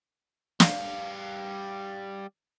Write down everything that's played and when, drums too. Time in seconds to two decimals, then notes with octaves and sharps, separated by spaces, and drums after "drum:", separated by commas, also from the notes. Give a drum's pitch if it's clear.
0.60 G3 F5, drum: snare